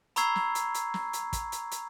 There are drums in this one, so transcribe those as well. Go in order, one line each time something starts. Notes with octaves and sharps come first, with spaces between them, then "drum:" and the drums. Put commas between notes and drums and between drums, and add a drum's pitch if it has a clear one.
A#5 B5 C#6 E6 G#6 C7, drum: hi-hat
drum: snare
drum: hi-hat
drum: hi-hat
drum: snare
drum: hi-hat
drum: kick, hi-hat
drum: hi-hat
drum: hi-hat